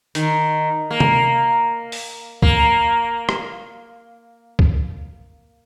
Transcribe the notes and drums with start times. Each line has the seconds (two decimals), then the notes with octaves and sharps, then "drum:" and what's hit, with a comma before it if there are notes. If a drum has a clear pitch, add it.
0.15 D#3, drum: hi-hat
0.91 A#3
1.00 drum: tom C3
1.92 drum: open hi-hat
2.42 A#3, drum: kick
3.29 drum: rim click
4.59 drum: kick